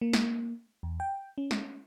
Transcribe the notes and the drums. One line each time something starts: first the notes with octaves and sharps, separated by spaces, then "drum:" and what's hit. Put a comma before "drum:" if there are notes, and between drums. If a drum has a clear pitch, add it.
A#3
drum: snare
E2
G5
C#4
drum: snare